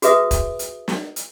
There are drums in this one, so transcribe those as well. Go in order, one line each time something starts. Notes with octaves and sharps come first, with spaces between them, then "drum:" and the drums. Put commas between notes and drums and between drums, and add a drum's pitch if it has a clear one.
F#4 G#4 B4 E5 D#6, drum: hi-hat
drum: kick, hi-hat
drum: hi-hat
drum: snare
drum: hi-hat